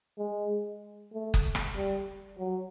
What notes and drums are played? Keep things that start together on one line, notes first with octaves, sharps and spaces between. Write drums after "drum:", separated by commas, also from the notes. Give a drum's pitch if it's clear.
G#3
A3
drum: kick F#1
drum: rim click
G3
F#3